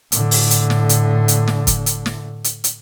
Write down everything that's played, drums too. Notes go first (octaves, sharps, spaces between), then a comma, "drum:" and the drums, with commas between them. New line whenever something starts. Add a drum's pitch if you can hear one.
A2 D3, drum: hi-hat
drum: open hi-hat
drum: hi-hat
drum: snare
drum: hi-hat
drum: hi-hat
drum: snare
drum: kick, hi-hat
drum: hi-hat
drum: snare
drum: hi-hat
drum: hi-hat